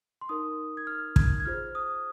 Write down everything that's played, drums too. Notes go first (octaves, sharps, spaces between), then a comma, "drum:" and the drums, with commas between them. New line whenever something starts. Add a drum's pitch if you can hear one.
C6
D#4 A#4 D#6
G#6
F6
G#6, drum: kick
G#6
F4 G#4 C5 F6
D#6